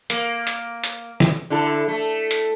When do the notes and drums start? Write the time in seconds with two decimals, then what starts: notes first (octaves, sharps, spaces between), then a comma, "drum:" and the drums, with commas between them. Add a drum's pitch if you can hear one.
0.10 A#3, drum: hi-hat
0.47 drum: hi-hat
0.84 drum: hi-hat
1.20 drum: snare
1.50 D3 E4 A4
1.88 A3
2.31 drum: hi-hat